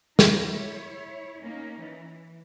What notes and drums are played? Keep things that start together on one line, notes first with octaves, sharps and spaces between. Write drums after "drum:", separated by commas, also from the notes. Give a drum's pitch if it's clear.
D#4 F4, drum: snare
E4 C#5
A#3 C#4 D#4
E3